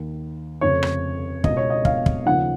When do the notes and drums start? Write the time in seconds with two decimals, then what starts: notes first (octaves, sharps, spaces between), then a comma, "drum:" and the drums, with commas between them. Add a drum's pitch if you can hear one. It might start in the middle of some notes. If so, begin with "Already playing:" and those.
Already playing: D#2 D#3
0.61 F1 F2 C#3 F3 C#5
0.83 drum: rim click
1.44 C#2 D#5, drum: kick
1.49 B2
1.57 C#5
1.70 D#5
1.85 F5, drum: kick
2.06 drum: kick
2.26 D#2 C#3 F3 F#5